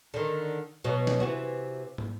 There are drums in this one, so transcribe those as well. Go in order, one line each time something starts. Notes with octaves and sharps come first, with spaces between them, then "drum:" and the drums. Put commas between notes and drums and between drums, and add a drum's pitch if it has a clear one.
D3 D#3
B2 F#3
drum: snare
C3 E3 F#4
drum: tom